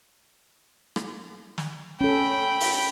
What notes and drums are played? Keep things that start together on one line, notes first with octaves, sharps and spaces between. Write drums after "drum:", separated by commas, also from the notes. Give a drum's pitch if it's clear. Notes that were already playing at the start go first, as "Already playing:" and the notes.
drum: rim click
drum: snare
C#4 A4 G5 B5
drum: open hi-hat